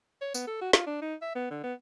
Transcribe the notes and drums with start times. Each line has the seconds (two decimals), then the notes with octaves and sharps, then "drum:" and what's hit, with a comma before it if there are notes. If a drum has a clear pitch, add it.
0.21 C#5
0.34 B3, drum: tambourine
0.47 A4
0.61 F#4
0.73 F4, drum: snare
0.87 D4
1.02 D#4
1.22 E5
1.35 B3
1.51 D3
1.63 B3